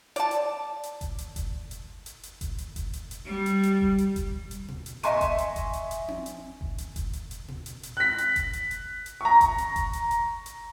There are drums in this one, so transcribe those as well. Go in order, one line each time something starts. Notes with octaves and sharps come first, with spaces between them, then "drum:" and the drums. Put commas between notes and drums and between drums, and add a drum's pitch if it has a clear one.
D5 A5, drum: hi-hat
drum: hi-hat
drum: hi-hat
drum: kick F#1, hi-hat
drum: hi-hat
drum: kick F#1, hi-hat
drum: hi-hat
drum: hi-hat
drum: hi-hat
drum: kick F#1, hi-hat
drum: hi-hat
drum: kick F#1, hi-hat
drum: hi-hat
drum: hi-hat
G3
drum: hi-hat
drum: hi-hat
drum: kick F#1
drum: hi-hat
drum: kick F#1, hi-hat
drum: hi-hat
drum: tom A#2
drum: hi-hat
D#5 E5 G#5 C6 C#6 D#7, drum: hi-hat
drum: kick F#1, hi-hat
drum: hi-hat
drum: kick F#1, hi-hat
drum: hi-hat
drum: hi-hat
drum: tom C4
drum: hi-hat
drum: kick F#1
drum: hi-hat
drum: kick F#1, hi-hat
drum: hi-hat
drum: hi-hat
drum: tom A#2
drum: hi-hat
drum: hi-hat
F#6 B6
drum: hi-hat
drum: kick F#1, hi-hat
drum: hi-hat
drum: hi-hat
drum: hi-hat
A#5 C#6
drum: kick F#1, hi-hat
drum: hi-hat
drum: kick F#1, hi-hat
drum: hi-hat
drum: hi-hat
drum: hi-hat